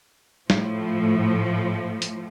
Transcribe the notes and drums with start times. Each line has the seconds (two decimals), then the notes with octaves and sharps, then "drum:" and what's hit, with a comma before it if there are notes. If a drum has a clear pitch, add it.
0.50 A2 F3, drum: snare
2.02 drum: hi-hat